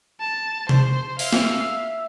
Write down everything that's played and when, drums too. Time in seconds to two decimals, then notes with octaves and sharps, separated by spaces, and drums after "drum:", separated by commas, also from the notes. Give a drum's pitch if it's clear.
0.20 A5
0.69 C5, drum: tom C3
1.19 E5 F5, drum: open hi-hat
1.33 drum: snare